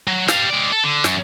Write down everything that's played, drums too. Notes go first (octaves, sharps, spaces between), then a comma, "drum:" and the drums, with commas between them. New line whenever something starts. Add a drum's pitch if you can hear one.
F#3
G3 F5, drum: snare
G#3 D5
A4
D3
F#2, drum: snare